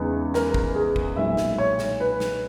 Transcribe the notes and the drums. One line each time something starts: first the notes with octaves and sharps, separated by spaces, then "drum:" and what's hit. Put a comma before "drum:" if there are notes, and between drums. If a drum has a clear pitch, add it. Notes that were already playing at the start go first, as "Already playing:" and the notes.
Already playing: E2 C#3 G#3 B3 D#4
A#4, drum: snare
drum: kick
G#4
drum: kick
B1 A#2 G#3 D#4 E5
drum: snare
C#5
drum: snare
B4
drum: snare